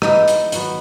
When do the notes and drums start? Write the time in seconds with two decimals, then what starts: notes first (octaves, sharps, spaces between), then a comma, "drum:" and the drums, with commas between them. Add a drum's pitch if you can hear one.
0.02 E3 G#3 B3 D#4, drum: rim click
0.28 drum: hi-hat
0.52 D#3 F#3 B3, drum: hi-hat